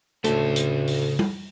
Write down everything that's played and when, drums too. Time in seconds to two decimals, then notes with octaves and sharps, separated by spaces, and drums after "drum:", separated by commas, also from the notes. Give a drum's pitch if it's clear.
0.24 D2 A2 C#3 A3 C6, drum: hi-hat
0.56 drum: hi-hat
0.87 drum: open hi-hat
1.19 drum: tom G3